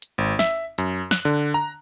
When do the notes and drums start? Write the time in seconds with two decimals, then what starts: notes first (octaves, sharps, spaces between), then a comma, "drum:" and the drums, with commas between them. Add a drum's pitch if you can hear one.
0.02 drum: hi-hat
0.18 G#1
0.39 E5, drum: snare
0.78 F#2, drum: hi-hat
1.11 F#6, drum: snare
1.25 D3
1.54 A#5